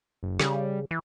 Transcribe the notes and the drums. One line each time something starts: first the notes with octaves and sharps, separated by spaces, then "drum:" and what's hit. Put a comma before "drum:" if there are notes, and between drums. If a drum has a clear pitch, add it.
F#1
C#3 G3, drum: rim click
E3